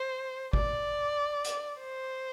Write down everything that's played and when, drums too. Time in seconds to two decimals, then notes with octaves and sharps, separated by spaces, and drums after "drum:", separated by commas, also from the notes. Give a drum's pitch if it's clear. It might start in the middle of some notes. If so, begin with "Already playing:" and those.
Already playing: C5
0.53 D5, drum: kick G1
1.44 drum: hi-hat
1.80 C5